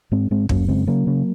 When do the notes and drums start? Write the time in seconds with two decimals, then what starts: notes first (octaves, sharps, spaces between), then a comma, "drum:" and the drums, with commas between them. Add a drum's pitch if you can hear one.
0.12 G#2 G#3 C4
0.31 G#2 G#3 C4
0.49 F#2 A#3 C#4, drum: kick
0.68 C#3 G#3 C4
0.87 C#3 F#3 A#3
1.07 C#3